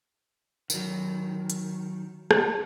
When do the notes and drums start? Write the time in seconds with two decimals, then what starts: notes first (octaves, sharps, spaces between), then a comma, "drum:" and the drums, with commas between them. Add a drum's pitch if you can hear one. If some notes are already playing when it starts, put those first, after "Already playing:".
0.70 D#3 F#3, drum: tambourine
1.50 drum: hi-hat
2.31 drum: rim click